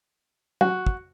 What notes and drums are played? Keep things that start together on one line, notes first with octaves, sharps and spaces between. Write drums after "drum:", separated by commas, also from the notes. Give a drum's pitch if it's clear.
F#4, drum: tom
drum: kick